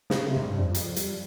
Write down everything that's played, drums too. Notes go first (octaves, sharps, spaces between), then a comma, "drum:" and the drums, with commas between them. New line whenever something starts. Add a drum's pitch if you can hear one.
C#3, drum: snare
C3
G#2
G2
F2
F2, drum: hi-hat
G2, drum: hi-hat